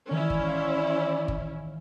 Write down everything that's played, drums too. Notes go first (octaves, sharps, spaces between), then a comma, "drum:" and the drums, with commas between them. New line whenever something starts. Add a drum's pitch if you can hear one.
D#3 E3 G#3 C#4 E4 D5
drum: kick G1
F5 C6 F6
drum: kick G1